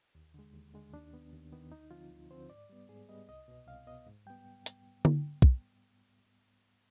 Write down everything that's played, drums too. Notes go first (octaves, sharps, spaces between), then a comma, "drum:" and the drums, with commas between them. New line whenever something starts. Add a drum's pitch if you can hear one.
D#2
D3 G#3
D#2
D3 G#3
D#2 D4
D#3 B3
D#2
D#3 B3
D2 D#4
D3 F3 C4 F4
D2
D3 F3 C4 C5
G#2 D5
G3 B3
G#2 G#4
G3 B3 D#5
C2 D#5
B2 B3
C2 F5
B2 B3 D#5
G#2
G3 B3 G5
drum: hi-hat
drum: tom D3
drum: kick